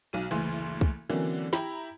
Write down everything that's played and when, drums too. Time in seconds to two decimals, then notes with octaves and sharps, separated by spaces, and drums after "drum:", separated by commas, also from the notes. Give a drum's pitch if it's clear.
0.13 B1 F#3 D#7
0.31 F#1 D2 E3 C6
0.46 drum: hi-hat
0.81 drum: kick
1.10 D3 E3 F#3 A#3 C4 C#4
1.53 E4 G4 A#5 B5, drum: snare